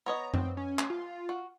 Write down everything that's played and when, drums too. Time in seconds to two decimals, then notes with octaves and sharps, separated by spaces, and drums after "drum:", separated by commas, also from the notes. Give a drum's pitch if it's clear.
0.06 B3 C#5 D#5 A#5
0.34 C4, drum: tom F#2
0.57 C#4
0.79 drum: clap
0.90 F4
1.29 F#4